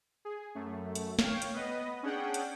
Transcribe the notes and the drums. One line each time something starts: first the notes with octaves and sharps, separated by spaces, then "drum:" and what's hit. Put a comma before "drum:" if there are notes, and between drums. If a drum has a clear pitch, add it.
G#4
F#2 A3
drum: hi-hat
C#5 F5 G5, drum: snare
drum: hi-hat
B3 B4 D#5
C#4 D4 G#4 F#5 G5
drum: hi-hat